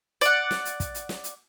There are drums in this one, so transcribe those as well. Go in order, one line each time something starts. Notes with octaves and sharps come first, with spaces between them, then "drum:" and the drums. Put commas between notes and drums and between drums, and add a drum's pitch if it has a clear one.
D5 F#5, drum: hi-hat
drum: snare
drum: hi-hat
drum: kick, hi-hat
drum: hi-hat
drum: snare
drum: hi-hat